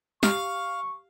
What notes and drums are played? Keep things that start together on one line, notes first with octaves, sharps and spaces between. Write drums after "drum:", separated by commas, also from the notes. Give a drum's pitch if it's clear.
G4 F5 C#6, drum: snare